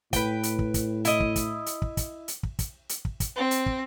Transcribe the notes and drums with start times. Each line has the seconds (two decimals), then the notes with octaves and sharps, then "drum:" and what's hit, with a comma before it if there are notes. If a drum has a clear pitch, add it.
0.13 A2 B4 G5, drum: kick, hi-hat
0.43 drum: hi-hat
0.59 drum: kick
0.74 drum: kick, hi-hat
1.05 E4 D#5, drum: hi-hat
1.20 drum: kick
1.36 drum: kick, hi-hat
1.66 drum: hi-hat
1.82 drum: kick
1.97 drum: kick, hi-hat
2.28 drum: hi-hat
2.43 drum: kick
2.59 drum: kick, hi-hat
2.89 drum: hi-hat
3.05 drum: kick
3.20 drum: kick, hi-hat
3.36 C4
3.51 drum: hi-hat
3.66 drum: kick